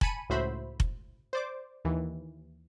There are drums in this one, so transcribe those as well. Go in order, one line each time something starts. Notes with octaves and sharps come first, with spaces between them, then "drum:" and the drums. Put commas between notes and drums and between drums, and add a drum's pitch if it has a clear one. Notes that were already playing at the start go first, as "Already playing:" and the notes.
G#5 A5 B5 C#7 D#7, drum: kick F1
C#2 A2 F#4 C5 E5 B5
drum: kick F1
C5 D5 D6
D#2 E3